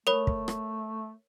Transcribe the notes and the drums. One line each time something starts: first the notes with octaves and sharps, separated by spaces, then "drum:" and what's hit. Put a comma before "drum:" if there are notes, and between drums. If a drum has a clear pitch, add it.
A3 A#4 C#5 B5
drum: kick
drum: rim click